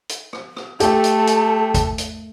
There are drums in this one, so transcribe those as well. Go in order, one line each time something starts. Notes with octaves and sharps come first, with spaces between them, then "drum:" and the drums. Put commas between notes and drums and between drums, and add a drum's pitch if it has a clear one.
drum: hi-hat
drum: rim click
drum: rim click
A3 G4 A4 G5 A5, drum: hi-hat
drum: hi-hat
drum: hi-hat
drum: kick, hi-hat
drum: hi-hat